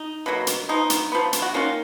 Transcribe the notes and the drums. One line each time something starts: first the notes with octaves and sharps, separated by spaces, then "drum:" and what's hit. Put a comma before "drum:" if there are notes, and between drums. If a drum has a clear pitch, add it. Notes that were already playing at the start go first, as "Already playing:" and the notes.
Already playing: D#4
B2 F#3 A#3
drum: hi-hat
F3 B3 D#4
drum: hi-hat
F3 B3
drum: hi-hat
F#4
D#3 A#3 C#4 F4